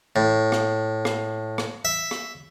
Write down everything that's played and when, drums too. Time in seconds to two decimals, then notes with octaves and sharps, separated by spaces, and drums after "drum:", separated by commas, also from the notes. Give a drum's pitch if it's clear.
0.16 A2
0.52 drum: rim click
1.05 drum: rim click
1.58 drum: rim click
1.85 E5
2.11 drum: rim click